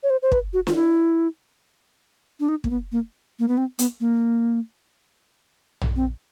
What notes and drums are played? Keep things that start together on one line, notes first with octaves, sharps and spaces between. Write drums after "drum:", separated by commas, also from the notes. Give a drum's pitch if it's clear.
C#5
C5
C5
B4, drum: kick
F#4
F4, drum: snare
E4
D4
D#4
A#3, drum: kick
B3
A#3
A#3
B3
C4
B3, drum: hi-hat
A#3
drum: tom A#1
C4